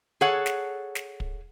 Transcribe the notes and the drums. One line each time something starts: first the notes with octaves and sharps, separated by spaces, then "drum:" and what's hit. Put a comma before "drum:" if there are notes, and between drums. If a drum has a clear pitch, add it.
G#4 A4 C#5 F#5
drum: snare
drum: snare
drum: kick